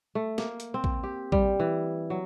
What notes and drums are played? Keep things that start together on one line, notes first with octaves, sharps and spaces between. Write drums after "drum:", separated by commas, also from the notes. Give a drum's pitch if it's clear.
A3
A#3, drum: snare
drum: hi-hat
C4
drum: kick
G4
G3, drum: kick
E3
F#3